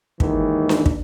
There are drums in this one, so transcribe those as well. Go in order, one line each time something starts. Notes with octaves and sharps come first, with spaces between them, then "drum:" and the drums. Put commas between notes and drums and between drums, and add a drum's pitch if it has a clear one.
D#2 G#2 D#3 E3, drum: kick
drum: snare D4
drum: kick